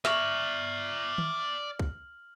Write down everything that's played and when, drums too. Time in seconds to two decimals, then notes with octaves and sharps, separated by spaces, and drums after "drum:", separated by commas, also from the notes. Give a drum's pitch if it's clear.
0.05 D5 E5 A#5 C#6 F6 F#7, drum: snare
1.18 drum: tom
1.79 drum: kick C2